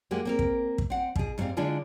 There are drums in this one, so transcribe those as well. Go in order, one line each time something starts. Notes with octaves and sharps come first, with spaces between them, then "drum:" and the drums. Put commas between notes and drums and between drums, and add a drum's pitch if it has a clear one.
G#3 A#3 F#4 G4
A#3 C4 A#4
drum: kick
drum: kick
C4 F#5
B2 G#4, drum: kick
G#2 F#3 G3 C4 F5
D3 G#3 D4 E4 F4